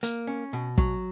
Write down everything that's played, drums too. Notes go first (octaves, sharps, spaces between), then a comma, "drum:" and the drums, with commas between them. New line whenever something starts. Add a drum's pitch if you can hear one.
A#3, drum: hi-hat
C#4
B2
F#3, drum: kick